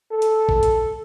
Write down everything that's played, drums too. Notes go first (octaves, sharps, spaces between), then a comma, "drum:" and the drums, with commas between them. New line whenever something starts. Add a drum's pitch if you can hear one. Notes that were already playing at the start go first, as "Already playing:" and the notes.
A4
drum: hi-hat
drum: kick A1
drum: hi-hat